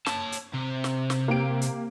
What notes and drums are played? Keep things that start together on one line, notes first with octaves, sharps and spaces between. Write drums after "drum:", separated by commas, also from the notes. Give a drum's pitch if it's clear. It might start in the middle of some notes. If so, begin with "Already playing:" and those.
C#5 A5, drum: snare
drum: hi-hat
C3
drum: snare
drum: snare
A#3 G4 D7
drum: hi-hat